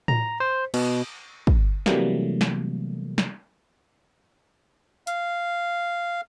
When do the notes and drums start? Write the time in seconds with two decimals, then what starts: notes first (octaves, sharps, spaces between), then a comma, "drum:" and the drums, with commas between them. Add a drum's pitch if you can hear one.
0.08 A#5, drum: tom A2
0.40 C5
0.74 B2, drum: cymbal
1.47 drum: kick
1.86 C3 E3 F#3 G3 A3 A#3, drum: snare
2.41 drum: snare
3.18 drum: snare
5.07 F5, drum: hi-hat